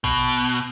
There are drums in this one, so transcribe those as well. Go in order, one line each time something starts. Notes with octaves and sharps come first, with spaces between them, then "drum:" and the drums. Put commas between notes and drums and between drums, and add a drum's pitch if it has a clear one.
B2, drum: kick